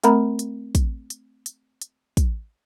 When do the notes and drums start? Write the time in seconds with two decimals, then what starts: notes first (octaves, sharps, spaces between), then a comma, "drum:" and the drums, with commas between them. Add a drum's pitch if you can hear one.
0.04 A3 C4 A#4 A#5 B5, drum: hi-hat
0.39 drum: hi-hat
0.75 drum: kick, hi-hat
1.10 drum: hi-hat
1.46 drum: hi-hat
1.82 drum: hi-hat
2.17 drum: kick, hi-hat